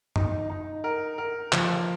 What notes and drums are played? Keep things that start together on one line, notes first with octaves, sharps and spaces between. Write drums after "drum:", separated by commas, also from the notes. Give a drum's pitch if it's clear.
D#4, drum: tom F#2
D#4
A#4
A#4
F3, drum: clap